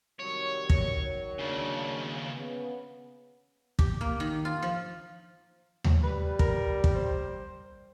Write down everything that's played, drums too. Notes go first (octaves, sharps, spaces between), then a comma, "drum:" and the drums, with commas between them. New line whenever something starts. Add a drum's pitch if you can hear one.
C3 D#3 F#3 G3 C#5
drum: kick
D#2 C#3 D4
C#3 B3
G4, drum: kick
A#3
D#3
F4
F3
drum: tom D#2
G3 B4
A#4, drum: kick
drum: kick
C5